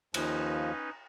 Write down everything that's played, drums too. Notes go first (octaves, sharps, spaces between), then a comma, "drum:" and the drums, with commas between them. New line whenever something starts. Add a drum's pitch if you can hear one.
D#2 F3 C#4 D#4 B4, drum: cymbal